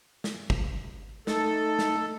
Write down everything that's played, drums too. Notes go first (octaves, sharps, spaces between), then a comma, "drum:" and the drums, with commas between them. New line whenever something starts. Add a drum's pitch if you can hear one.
drum: snare
drum: kick
A3 D#4 A4, drum: snare
drum: snare